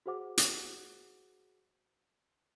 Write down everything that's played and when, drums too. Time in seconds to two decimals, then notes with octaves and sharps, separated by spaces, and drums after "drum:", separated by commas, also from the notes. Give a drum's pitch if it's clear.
0.06 F#4 G#4 C5 F#5 D6
0.38 drum: hi-hat